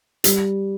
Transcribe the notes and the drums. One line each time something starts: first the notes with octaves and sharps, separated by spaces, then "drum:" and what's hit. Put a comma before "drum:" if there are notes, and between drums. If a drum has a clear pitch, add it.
G3, drum: hi-hat